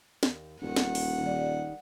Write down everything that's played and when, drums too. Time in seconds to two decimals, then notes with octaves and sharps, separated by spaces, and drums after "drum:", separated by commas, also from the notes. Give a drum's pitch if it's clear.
0.23 D#2, drum: snare
0.62 D#1 D2 D#3 F#5
0.76 drum: snare
0.95 drum: open hi-hat
1.22 D#3 G3 D5